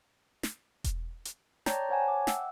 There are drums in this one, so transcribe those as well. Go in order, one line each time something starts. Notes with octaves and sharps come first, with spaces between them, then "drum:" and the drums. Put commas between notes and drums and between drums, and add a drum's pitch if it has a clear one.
drum: snare
drum: kick E1, hi-hat
drum: hi-hat
C#5 D5 G5 A5 A#5 G6, drum: snare
C5 C#5 F#5 G#5 A5
D6
E5 F#5 G5 E6, drum: snare